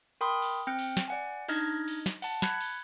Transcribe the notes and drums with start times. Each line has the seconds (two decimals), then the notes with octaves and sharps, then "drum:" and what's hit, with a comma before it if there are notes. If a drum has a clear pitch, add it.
0.21 A#4 G5 B5 C6 D#6
0.42 drum: cymbal
0.67 C4 G5 F6 G6 C#7
0.79 drum: cymbal
0.97 drum: snare
1.08 D5 F#5 G#5
1.48 D4 D#4 D#5 F6 G#6 A#6, drum: cymbal
1.88 drum: cymbal
2.06 drum: snare
2.22 F#5 A5, drum: cymbal
2.42 B5 F#6 G#6 C#7, drum: snare
2.60 drum: cymbal